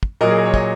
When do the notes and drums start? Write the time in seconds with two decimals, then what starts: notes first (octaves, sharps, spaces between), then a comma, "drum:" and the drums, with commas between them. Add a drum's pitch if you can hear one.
0.03 drum: kick
0.21 A#2 F#3 A#4 D#5
0.30 G#4
0.38 A#4
0.45 C#5
0.54 D#5, drum: kick